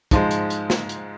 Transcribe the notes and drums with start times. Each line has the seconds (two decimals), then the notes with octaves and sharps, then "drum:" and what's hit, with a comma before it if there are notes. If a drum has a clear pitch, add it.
0.11 G#2 F3 G#3, drum: kick, hi-hat
0.31 drum: hi-hat
0.50 drum: hi-hat
0.70 drum: snare
0.89 drum: hi-hat